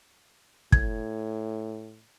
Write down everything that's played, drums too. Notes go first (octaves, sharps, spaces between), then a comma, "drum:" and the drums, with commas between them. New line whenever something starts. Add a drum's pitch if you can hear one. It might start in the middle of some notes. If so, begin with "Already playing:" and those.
A2 G#6, drum: kick